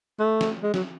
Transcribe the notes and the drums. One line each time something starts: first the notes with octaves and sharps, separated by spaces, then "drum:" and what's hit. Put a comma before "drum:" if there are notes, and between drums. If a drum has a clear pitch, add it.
A3
drum: snare
G#3
F#3, drum: snare